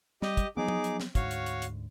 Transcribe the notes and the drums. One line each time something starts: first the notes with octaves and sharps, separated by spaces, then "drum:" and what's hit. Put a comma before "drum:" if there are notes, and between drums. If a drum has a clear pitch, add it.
G3 G4 D#5, drum: snare
drum: kick, hi-hat
F3 F#3 B3 D#4 G#4 D6
drum: tom
drum: hi-hat
drum: snare
D2 G#2 F#4 C#5 F5, drum: kick, hi-hat
drum: hi-hat
drum: hi-hat
drum: hi-hat